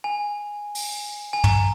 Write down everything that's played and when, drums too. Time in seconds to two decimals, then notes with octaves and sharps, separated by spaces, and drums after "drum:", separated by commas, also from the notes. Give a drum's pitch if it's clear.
0.04 G#5
0.75 drum: open hi-hat
1.33 G#5
1.44 A#5, drum: tom